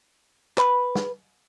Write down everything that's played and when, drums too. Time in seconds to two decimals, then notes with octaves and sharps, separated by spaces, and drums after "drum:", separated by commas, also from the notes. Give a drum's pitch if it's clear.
0.58 B4, drum: clap
0.95 drum: snare